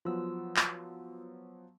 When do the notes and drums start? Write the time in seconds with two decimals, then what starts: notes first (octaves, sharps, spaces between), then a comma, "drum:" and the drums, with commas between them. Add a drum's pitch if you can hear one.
0.05 F3 F#3 B3 F4 E6
0.57 drum: clap